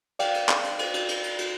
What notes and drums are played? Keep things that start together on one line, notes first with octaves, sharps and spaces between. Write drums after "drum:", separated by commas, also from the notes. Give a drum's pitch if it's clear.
D5 F5 G5, drum: cymbal
drum: cymbal
drum: clap
drum: cymbal
drum: cymbal
drum: cymbal
drum: cymbal
drum: cymbal
drum: cymbal